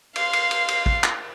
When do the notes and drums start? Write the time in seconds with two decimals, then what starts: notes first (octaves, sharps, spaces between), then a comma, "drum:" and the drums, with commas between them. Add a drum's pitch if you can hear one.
0.16 F5 C6, drum: cymbal
0.33 drum: cymbal
0.51 drum: cymbal
0.68 drum: cymbal
0.86 drum: kick
1.04 drum: clap